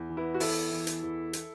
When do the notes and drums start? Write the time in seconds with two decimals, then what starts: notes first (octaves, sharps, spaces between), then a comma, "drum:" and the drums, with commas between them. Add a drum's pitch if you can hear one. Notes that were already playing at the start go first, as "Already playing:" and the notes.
Already playing: E2
0.09 E3
0.17 B3 E4
0.34 F#4
0.40 E2 E4 A4, drum: open hi-hat
0.72 E3
0.87 drum: hi-hat
1.03 E2
1.33 drum: hi-hat